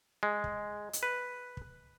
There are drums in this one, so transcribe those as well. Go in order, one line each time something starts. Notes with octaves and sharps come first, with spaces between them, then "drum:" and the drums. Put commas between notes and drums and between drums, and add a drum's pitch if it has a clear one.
G#3
drum: kick
drum: hi-hat
B4
drum: kick